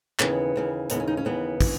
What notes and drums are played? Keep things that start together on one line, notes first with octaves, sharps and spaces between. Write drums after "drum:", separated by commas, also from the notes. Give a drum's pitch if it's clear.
D#2 C#3 E3 B3, drum: clap
D#2 C#3 E3
D#2 C#3 E3 B3, drum: hi-hat
C#4
D#4
C#4
D#2 C#3 E3 B3
E3, drum: kick, open hi-hat